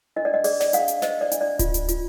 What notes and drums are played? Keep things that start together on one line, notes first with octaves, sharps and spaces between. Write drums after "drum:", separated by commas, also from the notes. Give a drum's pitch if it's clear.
D4 D#5
D5
D#5
G#4 D5, drum: open hi-hat
D5, drum: snare
D4 F5, drum: hi-hat
drum: hi-hat
C5 D#5, drum: snare
D5
D4, drum: hi-hat
D5
F4, drum: kick D1, hi-hat
drum: hi-hat
F4, drum: hi-hat